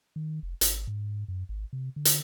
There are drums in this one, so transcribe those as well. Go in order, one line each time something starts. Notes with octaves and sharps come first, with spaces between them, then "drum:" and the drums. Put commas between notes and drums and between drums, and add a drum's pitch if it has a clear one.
D#3
F1
G#1, drum: hi-hat
G#2
F#2
G#1
C3
D3
drum: hi-hat